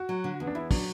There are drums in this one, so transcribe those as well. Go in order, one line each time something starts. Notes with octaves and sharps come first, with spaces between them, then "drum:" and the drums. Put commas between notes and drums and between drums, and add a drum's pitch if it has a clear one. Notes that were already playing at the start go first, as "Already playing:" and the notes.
Already playing: F#4
F#3
D3
E2
D4
E2 E4
F#3 D4, drum: kick, open hi-hat